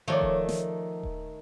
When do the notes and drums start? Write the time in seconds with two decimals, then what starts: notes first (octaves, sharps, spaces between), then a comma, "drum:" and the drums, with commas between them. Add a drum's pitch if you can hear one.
0.08 D#3 F3 A3 C#5 D5
0.21 drum: kick D#1
0.49 drum: snare
1.03 drum: kick D#1